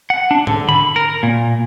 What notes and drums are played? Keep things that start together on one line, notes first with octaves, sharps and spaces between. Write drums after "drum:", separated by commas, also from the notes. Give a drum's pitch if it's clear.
F#5
D4
D3, drum: tom
B5, drum: tom D3
A#4
A#2